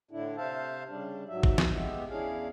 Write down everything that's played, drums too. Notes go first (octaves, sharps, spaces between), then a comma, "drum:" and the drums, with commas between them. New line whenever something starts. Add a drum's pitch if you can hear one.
A2 D3 D4 E4
C3 C5 E5 F5 A5
C#3 G3 D4
G#2 F#3 E5
drum: kick
drum: snare
G#3 B3 G4 E5
E2 C#4 D4 E4 G#4 F5